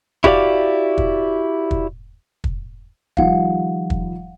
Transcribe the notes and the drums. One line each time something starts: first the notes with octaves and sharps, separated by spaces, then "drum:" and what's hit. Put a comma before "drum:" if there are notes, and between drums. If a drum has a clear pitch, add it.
E4 F#4 G4 A#4 D5 F5, drum: kick
drum: kick
drum: kick
drum: kick
D#3 F3 G3 F5 F#5, drum: kick
drum: kick